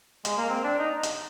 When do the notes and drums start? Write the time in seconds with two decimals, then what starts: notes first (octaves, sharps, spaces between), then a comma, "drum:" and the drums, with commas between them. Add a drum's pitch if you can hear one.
0.25 G#3, drum: hi-hat
0.37 A#3
0.49 C4
0.64 D4
0.79 D#4
1.03 drum: hi-hat